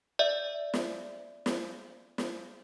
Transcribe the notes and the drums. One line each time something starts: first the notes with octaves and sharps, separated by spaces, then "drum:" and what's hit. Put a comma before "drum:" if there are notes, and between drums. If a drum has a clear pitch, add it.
D5 E5
drum: snare
drum: snare
drum: snare